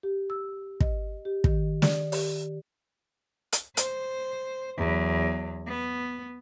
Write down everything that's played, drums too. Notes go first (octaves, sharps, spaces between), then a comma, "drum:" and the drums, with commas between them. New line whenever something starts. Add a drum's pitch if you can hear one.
G4
E6
D#5, drum: kick
G4
D#3, drum: kick
D5, drum: snare
G4, drum: open hi-hat
drum: hi-hat
C5, drum: hi-hat
E2 F#3
B3